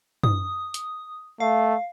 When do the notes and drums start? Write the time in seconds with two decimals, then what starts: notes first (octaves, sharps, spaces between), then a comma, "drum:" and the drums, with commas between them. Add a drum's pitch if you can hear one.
0.23 D#6, drum: tom
0.74 drum: hi-hat
1.40 A3 F5